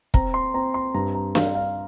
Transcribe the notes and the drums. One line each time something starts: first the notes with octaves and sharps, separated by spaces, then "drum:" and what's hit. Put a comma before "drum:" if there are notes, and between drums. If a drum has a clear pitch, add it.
C4 A#5, drum: kick
C6
C4 A#5
C6
G2 A#5
A#5
G3 F5, drum: snare
F5